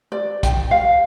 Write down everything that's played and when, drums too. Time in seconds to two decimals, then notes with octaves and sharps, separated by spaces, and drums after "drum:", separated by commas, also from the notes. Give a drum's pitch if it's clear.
0.12 D5
0.43 G5, drum: kick B1, hi-hat
0.71 F5